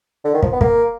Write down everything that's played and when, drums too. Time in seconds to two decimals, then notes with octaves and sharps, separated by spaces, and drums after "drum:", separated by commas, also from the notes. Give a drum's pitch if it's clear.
0.24 D3
0.34 D#3
0.43 F3, drum: kick
0.52 B3
0.61 A#3, drum: kick